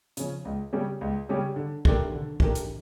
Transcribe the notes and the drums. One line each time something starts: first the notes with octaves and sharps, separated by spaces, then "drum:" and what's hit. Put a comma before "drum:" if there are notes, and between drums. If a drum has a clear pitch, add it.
C#3 F3 C#4, drum: hi-hat
C#2
C#3 G3 C#4 G4
C#2
C#3 G3 C#4 G4
D3
A3 D4 G4 A#4, drum: kick
D3
A3 D4 G4 A#4, drum: kick
drum: hi-hat